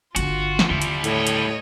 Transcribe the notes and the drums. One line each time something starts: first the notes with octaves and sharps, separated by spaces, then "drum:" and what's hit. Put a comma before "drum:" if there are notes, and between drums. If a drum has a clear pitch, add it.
G1 D3 F4 F#4, drum: hi-hat
drum: snare
D#2 D3 G3 E4
drum: hi-hat
A2 C#5 D#5, drum: hi-hat
drum: hi-hat